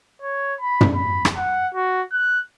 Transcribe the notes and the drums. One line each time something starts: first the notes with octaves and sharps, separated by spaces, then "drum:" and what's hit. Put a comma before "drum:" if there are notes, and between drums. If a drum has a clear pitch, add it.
C#5
B5
drum: tom
B5
drum: rim click
F#5
F#4
F#6